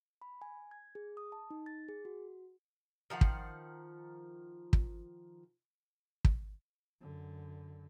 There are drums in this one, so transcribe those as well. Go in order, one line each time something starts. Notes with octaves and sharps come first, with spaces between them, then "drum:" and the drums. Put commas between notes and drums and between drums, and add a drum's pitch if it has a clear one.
B5
G#5
G#6
G#4
D#6
A5
D#4
A6
G#4
F#4
D#3 F3 F5 F#5
drum: kick
drum: kick
drum: kick
F#2 D3